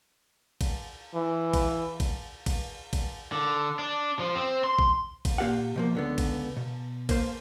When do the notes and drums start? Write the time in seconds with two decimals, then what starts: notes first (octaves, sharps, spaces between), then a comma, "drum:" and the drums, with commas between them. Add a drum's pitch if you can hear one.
0.61 drum: kick A1, cymbal
1.14 E3
1.54 drum: kick A1, cymbal
2.00 drum: kick A1, cymbal
2.46 drum: kick A1, cymbal
2.93 drum: kick A1, cymbal
3.32 D3
3.79 D4
4.19 F3
4.35 C4
4.64 C6
4.79 drum: kick A1
5.25 drum: kick A1, cymbal
5.38 A#2 A#3 G4 F5 F#5
5.76 B2 F3 A#3
5.95 C#2 D3 B3
6.18 drum: kick A1, cymbal
6.56 B2
7.09 A#3 C5, drum: kick A1, cymbal